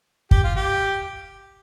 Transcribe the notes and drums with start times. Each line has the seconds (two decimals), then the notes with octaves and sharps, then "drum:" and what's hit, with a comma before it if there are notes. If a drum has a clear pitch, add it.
0.31 G4, drum: kick
0.44 F4
0.56 G4